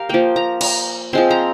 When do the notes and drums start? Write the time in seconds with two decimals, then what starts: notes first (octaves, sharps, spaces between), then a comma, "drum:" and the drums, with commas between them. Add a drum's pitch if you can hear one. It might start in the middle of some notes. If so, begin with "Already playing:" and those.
Already playing: G4 A#4 F5
0.09 F3 A#3 G5
0.36 A#5
0.61 A#5, drum: cymbal
1.13 F3 G#3 C4 C6
1.31 A#5